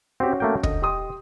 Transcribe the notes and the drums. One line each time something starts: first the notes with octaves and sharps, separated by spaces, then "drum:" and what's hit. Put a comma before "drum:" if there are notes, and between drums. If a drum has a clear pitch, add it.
C4 C#4 F#4 G4
A3 A#3 G5
D3 D#5, drum: kick
G4 C6 D#6